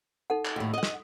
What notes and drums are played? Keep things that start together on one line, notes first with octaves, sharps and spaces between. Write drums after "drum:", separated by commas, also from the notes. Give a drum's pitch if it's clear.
D#4 A4 F#5
drum: clap
D#2 A2
D#5 F#5 D#6
drum: snare